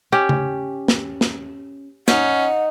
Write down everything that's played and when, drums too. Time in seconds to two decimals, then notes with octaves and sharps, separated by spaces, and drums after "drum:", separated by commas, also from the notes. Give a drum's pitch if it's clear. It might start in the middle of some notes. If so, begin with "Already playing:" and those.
0.12 C#4 G4
0.29 drum: tom C#3
0.88 drum: snare
1.21 drum: snare
2.08 C#4 D#4 F#5, drum: snare